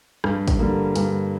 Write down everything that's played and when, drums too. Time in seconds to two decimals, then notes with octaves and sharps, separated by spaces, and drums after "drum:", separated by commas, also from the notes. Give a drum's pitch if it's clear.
0.24 G2, drum: rim click
0.48 drum: kick, hi-hat
0.59 D3 G3 A#3
0.96 G2, drum: hi-hat